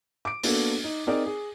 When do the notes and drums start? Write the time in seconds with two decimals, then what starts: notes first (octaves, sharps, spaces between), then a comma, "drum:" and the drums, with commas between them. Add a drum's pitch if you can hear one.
0.25 D6 D7
0.43 A#3 B3 D4 F#4 A4, drum: open hi-hat
0.84 D#4
1.07 C4 D#4 G#4 A#4 D5
1.26 G#4